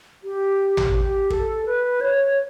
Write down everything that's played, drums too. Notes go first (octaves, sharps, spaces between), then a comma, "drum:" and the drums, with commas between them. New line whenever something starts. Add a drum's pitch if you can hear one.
G4
drum: tom
G4
A4, drum: kick
B4
C#5